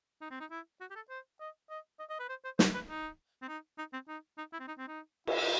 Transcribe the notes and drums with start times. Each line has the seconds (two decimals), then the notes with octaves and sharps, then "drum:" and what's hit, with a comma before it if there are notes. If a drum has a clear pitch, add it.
0.21 D#4
0.31 C4
0.40 D#4
0.51 E4
0.81 F#4
0.91 G4
0.95 A4
1.10 C5
1.40 D#5
1.70 D#5
1.99 D#5
2.10 D#5
2.20 B4
2.29 C5
2.44 C5
2.59 C5, drum: snare
2.74 B4
2.90 D#4
3.42 C4
3.48 D#4
3.78 D#4
3.93 C4
4.08 D#4
4.38 D#4
4.53 E4
4.60 C4
4.68 D#4
4.78 C4
4.88 D#4
5.27 E4, drum: cymbal